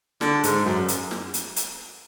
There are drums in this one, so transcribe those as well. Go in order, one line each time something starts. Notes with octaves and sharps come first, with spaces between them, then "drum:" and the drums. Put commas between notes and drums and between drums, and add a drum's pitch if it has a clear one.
D3, drum: snare
G#2, drum: hi-hat
F#2
drum: hi-hat
drum: snare
drum: hi-hat
drum: hi-hat